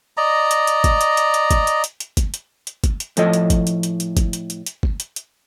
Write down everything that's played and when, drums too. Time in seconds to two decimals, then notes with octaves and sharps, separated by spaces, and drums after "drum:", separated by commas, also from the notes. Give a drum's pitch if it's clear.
0.17 D5 D#5 A#5
0.51 drum: hi-hat
0.67 drum: hi-hat
0.84 drum: kick, hi-hat
1.01 drum: hi-hat
1.17 drum: hi-hat
1.34 drum: hi-hat
1.51 drum: kick, hi-hat
1.67 drum: hi-hat
1.84 drum: hi-hat
2.00 drum: hi-hat
2.17 drum: kick, hi-hat
2.34 drum: hi-hat
2.67 drum: hi-hat
2.84 drum: kick, hi-hat
3.00 drum: hi-hat
3.17 A2 F3 A4 D#5, drum: hi-hat
3.33 drum: hi-hat
3.50 drum: kick, hi-hat
3.67 drum: hi-hat
3.83 drum: hi-hat
4.00 drum: hi-hat
4.17 drum: kick, hi-hat
4.33 drum: hi-hat
4.50 drum: hi-hat
4.66 drum: hi-hat
4.83 drum: kick
5.00 drum: hi-hat
5.16 drum: hi-hat